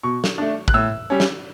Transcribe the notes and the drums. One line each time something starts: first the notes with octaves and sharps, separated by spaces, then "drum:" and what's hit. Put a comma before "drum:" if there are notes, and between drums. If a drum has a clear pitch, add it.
B2 C#6
drum: snare
A3 D4
F#6, drum: kick A1
A2 E6
G3 C#4
drum: snare